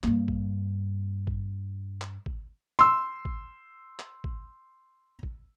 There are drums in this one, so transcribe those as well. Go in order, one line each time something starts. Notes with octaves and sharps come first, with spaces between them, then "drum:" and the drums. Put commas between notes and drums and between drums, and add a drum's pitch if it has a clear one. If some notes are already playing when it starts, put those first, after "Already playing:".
G2 A#3, drum: clap
drum: kick
drum: kick
drum: clap
drum: kick
C6 E6
drum: kick
drum: clap
drum: kick
drum: kick